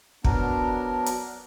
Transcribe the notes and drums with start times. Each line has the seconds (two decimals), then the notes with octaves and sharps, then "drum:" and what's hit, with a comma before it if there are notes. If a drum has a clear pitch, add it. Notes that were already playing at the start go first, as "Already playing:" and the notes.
0.25 F#3 B3 D4 A#4, drum: kick
1.06 drum: hi-hat